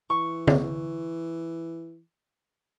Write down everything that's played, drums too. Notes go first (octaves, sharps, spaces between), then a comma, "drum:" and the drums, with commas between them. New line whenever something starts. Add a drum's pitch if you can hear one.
E3 C#6
drum: tom